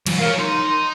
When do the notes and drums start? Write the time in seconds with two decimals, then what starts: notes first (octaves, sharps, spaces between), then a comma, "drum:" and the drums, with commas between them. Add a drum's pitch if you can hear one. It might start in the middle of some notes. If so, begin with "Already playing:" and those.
0.06 E3 F#3, drum: cymbal
0.19 A#4 C#5 F5
0.39 D#4 C6